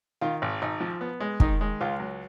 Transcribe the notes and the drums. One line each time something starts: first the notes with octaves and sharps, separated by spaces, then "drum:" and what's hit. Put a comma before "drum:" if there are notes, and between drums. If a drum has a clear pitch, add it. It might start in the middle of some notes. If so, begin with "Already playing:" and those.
D#3 F4
G#1
G#1 D#4
F3
B3
G#3
D#3 D#4, drum: kick
G#3
C#2 F4
F#3